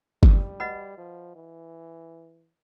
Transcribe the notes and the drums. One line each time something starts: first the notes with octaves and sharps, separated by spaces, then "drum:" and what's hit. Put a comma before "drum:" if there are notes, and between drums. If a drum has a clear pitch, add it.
G3, drum: kick G1
F#4 B4 D#5 F#5 B5
F3
E3